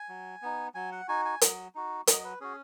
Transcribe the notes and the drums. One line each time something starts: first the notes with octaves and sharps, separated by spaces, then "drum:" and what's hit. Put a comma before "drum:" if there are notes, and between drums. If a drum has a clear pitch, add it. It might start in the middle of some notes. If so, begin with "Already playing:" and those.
Already playing: G#5
F#3
B3 D#4
F#3 G#5
F#5
D#4 F#4 G#5
G#5
F#3, drum: hi-hat
D#4 F#4
F#3 D#5, drum: hi-hat
B4
C#4 F#4 G#4